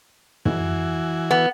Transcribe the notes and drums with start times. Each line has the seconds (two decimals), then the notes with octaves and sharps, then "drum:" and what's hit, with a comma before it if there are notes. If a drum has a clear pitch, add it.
0.45 E3 F#4 G#5, drum: tom
1.31 B3